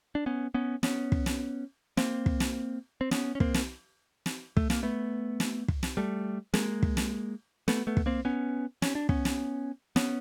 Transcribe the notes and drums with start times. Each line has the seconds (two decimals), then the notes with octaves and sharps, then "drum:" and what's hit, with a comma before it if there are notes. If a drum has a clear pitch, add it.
0.15 D4
0.26 B3 C#4
0.54 B3 C#4
0.83 B3 C#4, drum: snare
1.12 drum: kick
1.26 drum: snare
1.97 A#3 C4, drum: snare
2.26 drum: kick
2.40 drum: snare
3.01 C4
3.11 B3 C#4, drum: snare
3.35 C#4
3.40 A#3 C4, drum: kick
3.54 drum: snare
4.26 drum: snare
4.57 A3, drum: kick
4.70 A#3, drum: snare
4.83 A3 B3
5.40 drum: snare
5.68 drum: kick
5.83 drum: snare
5.97 G3 A3
6.54 G#3 A#3, drum: snare
6.83 drum: kick
6.97 drum: snare
7.68 A3 B3, drum: snare
7.87 A3 B3
7.97 drum: kick
8.06 A#3 C4
8.25 B3 C#4
8.82 C#4, drum: snare
8.95 D4
9.09 B3 C#4, drum: kick
9.25 drum: snare
9.96 B3 C#4, drum: snare